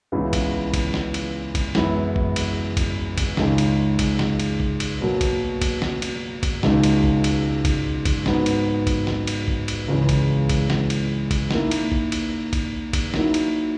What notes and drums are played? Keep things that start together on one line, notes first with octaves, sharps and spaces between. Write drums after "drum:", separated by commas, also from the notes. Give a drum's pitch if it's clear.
C#2 C#3 E3 B3 E4
drum: kick A1, cymbal
drum: kick A1, cymbal
drum: snare
drum: cymbal
drum: kick A1, cymbal
F#2 E3 G#3 B3 E4, drum: snare
drum: kick A1
drum: cymbal
drum: kick A1, cymbal
drum: kick A1, cymbal
C#2 C#3 G#3 D#4 G#4, drum: snare
drum: cymbal
drum: kick A1, cymbal
drum: snare
drum: cymbal
drum: kick A1
drum: cymbal
B2 F#3 A#3
drum: kick A1, cymbal
drum: kick A1, cymbal
drum: snare
drum: cymbal
drum: kick A1, cymbal
C#2 B2 G#3 D#4, drum: snare
drum: cymbal
drum: kick A1
drum: cymbal
drum: kick A1, cymbal
drum: kick A1, cymbal
G#2 F#3 B3, drum: snare
drum: cymbal
drum: kick A1, cymbal
drum: snare
drum: cymbal
drum: kick A1
drum: cymbal
C#2 C#3 E3 G#3
drum: kick A1, cymbal
drum: kick A1, cymbal
drum: snare
drum: cymbal
drum: kick A1, cymbal
D#3 A#3 E4, drum: snare
drum: cymbal
drum: kick A1
drum: cymbal
drum: kick A1, cymbal
drum: kick A1, cymbal
D#3 F#3 A#3 E4, drum: snare
drum: cymbal